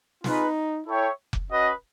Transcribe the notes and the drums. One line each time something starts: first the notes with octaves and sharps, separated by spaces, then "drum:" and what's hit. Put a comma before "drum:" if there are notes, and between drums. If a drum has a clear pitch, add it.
D#4 F4 G#4 B4, drum: snare
E4 A4 C#5 E5 G5
drum: kick F1
C#4 F#4 B4 D#5